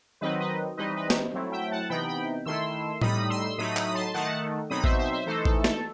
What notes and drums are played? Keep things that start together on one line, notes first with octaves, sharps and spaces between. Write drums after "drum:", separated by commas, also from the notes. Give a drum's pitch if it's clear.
D#3 F#3 C4 D#4 B4 D#5
B4 D#5
E3 G3 C4 D#4 B4 D#5
B4 D#5
drum: snare
F#3 A3 C4 E4
E5 G5
F#5 A5
C3 E3 B3 D#4 G5 B5
G5 B5
D#3 A3 E4 C6 E6
A2 G3 D#4 B5 D#6, drum: tom A2
C6 E6
A2 F#3 A3 D#4 B5 D#6
B5 D#6, drum: clap
A5 C6
D#3 A3 D#4 F#5 A5
B2 F#3 C4 D#4 B5 D#6
C5 E5, drum: kick A1
C5 E5
C5 E5
E3 A3 D#4 A4 C5
A4, drum: kick A1
A4, drum: snare